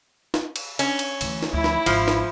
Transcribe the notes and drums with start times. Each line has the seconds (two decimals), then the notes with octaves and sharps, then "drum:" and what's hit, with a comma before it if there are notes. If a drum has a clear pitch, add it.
0.34 drum: snare
0.56 drum: cymbal
0.79 C#4, drum: cymbal
0.99 drum: cymbal
1.21 D2 E3, drum: cymbal
1.43 drum: snare
1.53 D2 F3 E4
1.64 drum: snare
1.86 G#1 F3, drum: cymbal
2.08 drum: snare